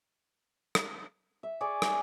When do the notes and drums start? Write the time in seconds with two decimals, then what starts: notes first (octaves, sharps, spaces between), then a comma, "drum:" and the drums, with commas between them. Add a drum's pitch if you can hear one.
0.75 drum: rim click
1.43 E5
1.61 G#4 D5 C#6
1.82 drum: rim click